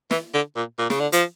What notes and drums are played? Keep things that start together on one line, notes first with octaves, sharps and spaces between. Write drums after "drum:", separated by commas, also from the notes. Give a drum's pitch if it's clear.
E3, drum: snare
D3
A#2
A#2
C#3, drum: snare
D3
F3, drum: hi-hat